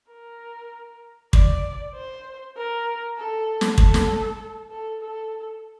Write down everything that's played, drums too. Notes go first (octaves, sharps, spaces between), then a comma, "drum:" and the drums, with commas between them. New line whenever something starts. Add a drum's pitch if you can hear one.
A#4
D5, drum: kick
C5
A#4
A4
drum: snare
A4, drum: kick
drum: snare
A4
A4